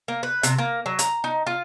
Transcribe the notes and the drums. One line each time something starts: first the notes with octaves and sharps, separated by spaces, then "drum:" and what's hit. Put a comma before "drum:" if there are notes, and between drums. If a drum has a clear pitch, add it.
A#3
B4
C3, drum: hi-hat
A#3
F#3
A#5, drum: hi-hat
D#4
F4